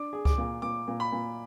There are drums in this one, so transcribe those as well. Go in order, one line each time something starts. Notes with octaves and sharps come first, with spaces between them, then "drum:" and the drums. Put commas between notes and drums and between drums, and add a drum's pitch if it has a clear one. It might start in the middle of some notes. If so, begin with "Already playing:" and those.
Already playing: D4 D6
G#4
D6, drum: kick C#2
A#2
A#2 D6
A#2
B5
A#2